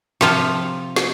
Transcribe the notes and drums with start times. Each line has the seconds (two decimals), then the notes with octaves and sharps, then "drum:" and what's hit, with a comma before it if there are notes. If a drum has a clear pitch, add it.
0.21 C3 F3 F4, drum: snare
0.96 drum: snare